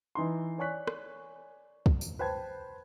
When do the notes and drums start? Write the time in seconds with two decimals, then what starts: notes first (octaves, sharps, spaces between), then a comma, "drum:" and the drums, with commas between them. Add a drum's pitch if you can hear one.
0.15 E3 D#4 C6
0.58 C#5 D5 G#5 C#6 F#6 B6
0.87 drum: rim click
1.86 drum: kick
2.01 drum: tambourine
2.19 B4 C5 G5 A5 G#6